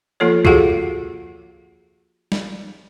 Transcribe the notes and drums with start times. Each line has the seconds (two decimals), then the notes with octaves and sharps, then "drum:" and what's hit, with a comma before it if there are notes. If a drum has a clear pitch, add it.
0.20 F3 A#3 F4 A4 C#5
0.45 F4 F#4 G#4 A4 F5 F#5, drum: kick C#2
2.32 drum: snare